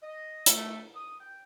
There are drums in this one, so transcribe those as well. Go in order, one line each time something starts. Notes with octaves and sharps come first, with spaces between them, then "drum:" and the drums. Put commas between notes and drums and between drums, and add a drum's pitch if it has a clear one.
D#5
A3, drum: hi-hat
D#6
G5